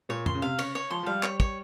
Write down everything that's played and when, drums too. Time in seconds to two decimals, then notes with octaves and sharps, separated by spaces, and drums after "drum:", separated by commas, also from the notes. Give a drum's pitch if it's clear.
0.09 A#2 C#5
0.26 C6, drum: tom F2
0.34 C#3
0.42 C3 F5
0.59 C#3 C#5, drum: cymbal
0.75 C#5
0.90 F3 C6
1.03 F3
1.06 G3 F5
1.23 C#5, drum: clap
1.40 C#5, drum: kick